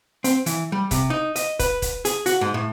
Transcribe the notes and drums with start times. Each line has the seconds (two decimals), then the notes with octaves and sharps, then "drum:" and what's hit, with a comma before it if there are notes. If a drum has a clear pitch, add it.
0.24 C4, drum: hi-hat
0.46 E3, drum: hi-hat
0.72 G3
0.91 C3, drum: kick, hi-hat
1.10 D#4
1.36 D#5, drum: hi-hat
1.59 B4, drum: kick, hi-hat
1.82 drum: kick, hi-hat
2.05 G#4, drum: hi-hat
2.26 F#4, drum: hi-hat
2.41 G#2
2.54 A2